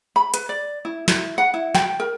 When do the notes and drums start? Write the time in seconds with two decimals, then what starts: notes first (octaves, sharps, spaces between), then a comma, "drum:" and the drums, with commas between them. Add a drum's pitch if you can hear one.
0.16 B5
0.34 B4, drum: hi-hat
0.49 D5
0.85 E4
1.08 E4, drum: snare
1.38 F#5
1.54 E4
1.75 G5, drum: snare
2.00 A#4